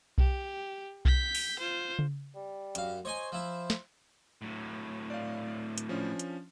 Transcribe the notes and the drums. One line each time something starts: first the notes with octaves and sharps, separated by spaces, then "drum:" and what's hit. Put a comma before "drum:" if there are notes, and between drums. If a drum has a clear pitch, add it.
G4, drum: kick B1
G6 B6, drum: kick B1
drum: open hi-hat
F4 C5
drum: tom C#3
G3
F#2 F5, drum: hi-hat
C5 C#5 D#5 G#5
F3 E4
drum: snare
A2 F#3
D5 F5
drum: hi-hat
F3 C#4 D4
drum: hi-hat